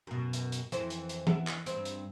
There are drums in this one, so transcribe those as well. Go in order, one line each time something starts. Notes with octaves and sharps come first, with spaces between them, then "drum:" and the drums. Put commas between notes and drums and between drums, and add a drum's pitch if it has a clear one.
F#2 B2
drum: hi-hat
drum: hi-hat
F2 E3 C5, drum: hi-hat
drum: hi-hat
drum: hi-hat
B3 E4, drum: tom E3
drum: clap
G2 C4, drum: hi-hat
drum: hi-hat